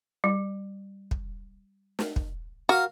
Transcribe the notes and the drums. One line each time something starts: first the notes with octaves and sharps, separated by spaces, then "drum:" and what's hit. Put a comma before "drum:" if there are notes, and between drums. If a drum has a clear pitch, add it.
G3
drum: kick
drum: snare
drum: kick
F#4 A#4 F5